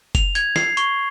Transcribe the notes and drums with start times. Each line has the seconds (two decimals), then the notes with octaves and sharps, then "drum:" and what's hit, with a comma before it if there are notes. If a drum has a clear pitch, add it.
0.15 F7, drum: kick F#1, hi-hat
0.35 G#6, drum: hi-hat
0.56 C7, drum: snare
0.77 C#6, drum: hi-hat